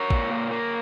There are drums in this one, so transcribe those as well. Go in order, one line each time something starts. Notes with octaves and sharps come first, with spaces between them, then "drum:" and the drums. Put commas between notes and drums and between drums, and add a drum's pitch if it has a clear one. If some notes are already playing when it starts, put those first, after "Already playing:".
Already playing: A#4 C#5
A#2, drum: kick A1
A#3
A#3